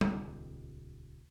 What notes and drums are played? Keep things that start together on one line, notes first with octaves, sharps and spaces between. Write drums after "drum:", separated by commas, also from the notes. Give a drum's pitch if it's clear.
D#1 C#2 D#3 B3, drum: tom